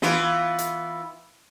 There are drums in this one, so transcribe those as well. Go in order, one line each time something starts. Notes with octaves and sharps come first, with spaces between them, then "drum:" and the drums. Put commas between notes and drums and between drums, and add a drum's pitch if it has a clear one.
E3 B3 F4, drum: snare
drum: hi-hat